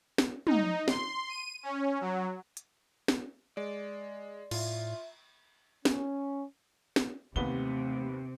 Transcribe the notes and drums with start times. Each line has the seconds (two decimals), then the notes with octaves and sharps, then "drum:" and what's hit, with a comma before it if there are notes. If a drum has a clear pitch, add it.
0.18 drum: snare
0.47 D#4, drum: tom
0.88 C6, drum: snare
1.29 D#7
1.63 C#4
2.01 F#3
2.57 drum: hi-hat
3.08 drum: snare
3.57 G#3 D5
4.51 A2 F4 E5, drum: cymbal
5.85 C#4, drum: snare
6.96 drum: snare
7.36 D#2 C3 E3 A3 B3 G7